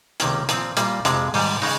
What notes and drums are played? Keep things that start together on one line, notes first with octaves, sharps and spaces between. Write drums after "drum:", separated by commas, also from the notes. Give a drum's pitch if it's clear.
C#2 C3 D#3 A#3 C#4, drum: hi-hat
A#2 F3 C4, drum: hi-hat
A#2 G3 A#3 F4, drum: hi-hat
F2 C3 F3 G#3, drum: hi-hat
G#2 D#3 G3, drum: open hi-hat
C#3 G#3 D#4, drum: open hi-hat